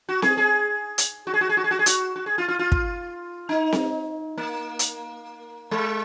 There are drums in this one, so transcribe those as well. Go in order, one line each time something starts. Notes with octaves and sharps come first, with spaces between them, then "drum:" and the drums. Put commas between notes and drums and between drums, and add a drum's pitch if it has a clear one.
F#4
G#4, drum: snare C4
G#4
drum: hi-hat
F#4
G#4
F#4
G#4
F#4
G#4
F#4
G#4
F#4, drum: hi-hat
F#4
G#4
F4
F4
F4
drum: kick
D#4
drum: snare C4
A#3
drum: hi-hat
G#3